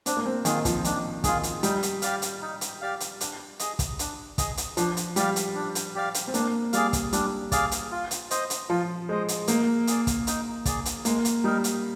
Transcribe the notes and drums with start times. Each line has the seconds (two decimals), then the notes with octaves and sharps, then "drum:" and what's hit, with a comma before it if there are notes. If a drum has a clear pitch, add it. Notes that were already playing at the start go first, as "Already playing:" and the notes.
0.06 C4 D4, drum: hi-hat
0.17 A#3
0.26 C4
0.45 D#3 F4 G#4, drum: hi-hat
0.65 F3, drum: kick, hi-hat
0.84 D#3 D4, drum: hi-hat
1.24 D#3 F4 G#4, drum: kick, hi-hat
1.43 drum: hi-hat
1.63 G3 D#4, drum: hi-hat
1.83 drum: hi-hat
2.02 G4 D5 F5, drum: hi-hat
2.22 drum: hi-hat
2.42 D#4
2.61 drum: hi-hat
2.81 G4 D5 F5
3.00 drum: hi-hat
3.21 D4, drum: hi-hat
3.59 G#4 D#5, drum: hi-hat
3.79 drum: kick, hi-hat
3.99 D4, drum: hi-hat
4.38 G#4 D#5, drum: kick, hi-hat
4.57 drum: hi-hat
4.77 F3 D4, drum: hi-hat
4.97 drum: hi-hat
5.16 G3 G4 D5 F5, drum: hi-hat
5.36 drum: hi-hat
5.55 D4
5.75 drum: hi-hat
5.95 G4 D5 F5
6.14 drum: hi-hat
6.28 C4
6.34 A#3 D4, drum: hi-hat
6.73 G3 G#4 D5 F5, drum: hi-hat
6.93 drum: kick, hi-hat
7.13 G3 D4, drum: hi-hat
7.52 G#4 D5 F5, drum: kick, hi-hat
7.71 drum: hi-hat
7.92 F4
8.11 drum: hi-hat
8.31 C5 D#5, drum: hi-hat
8.50 drum: hi-hat
8.69 F3 F4
9.09 G#3 C5 D#5
9.28 drum: hi-hat
9.47 A#3 D#4, drum: hi-hat
9.87 G#4 D5, drum: hi-hat
10.07 drum: kick, hi-hat
10.27 D#4, drum: hi-hat
10.66 G#4 D5, drum: kick, hi-hat
10.85 drum: hi-hat
11.05 G#3 A#3, drum: hi-hat
11.25 drum: hi-hat
11.44 G3 D#4 A#4
11.64 drum: hi-hat